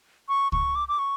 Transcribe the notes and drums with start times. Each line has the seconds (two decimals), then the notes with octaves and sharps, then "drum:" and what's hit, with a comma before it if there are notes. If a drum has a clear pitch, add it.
0.29 C#6
0.52 C#6, drum: kick C#2
0.75 D6
0.88 D6
0.99 C#6